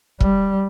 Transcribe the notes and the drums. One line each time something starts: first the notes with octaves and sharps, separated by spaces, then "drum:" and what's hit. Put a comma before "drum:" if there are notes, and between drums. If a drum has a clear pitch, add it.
G3, drum: kick